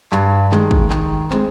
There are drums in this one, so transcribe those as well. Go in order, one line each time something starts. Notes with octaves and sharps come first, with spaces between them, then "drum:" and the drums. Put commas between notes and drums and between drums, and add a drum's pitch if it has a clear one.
G2, drum: clap
D#3 G#3, drum: clap
drum: kick
D#3, drum: clap
G#3 C4, drum: clap